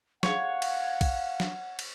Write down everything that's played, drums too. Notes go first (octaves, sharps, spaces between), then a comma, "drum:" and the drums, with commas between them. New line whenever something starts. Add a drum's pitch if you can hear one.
C#5 F5 F#5, drum: snare
drum: cymbal
drum: kick, cymbal
drum: snare
drum: cymbal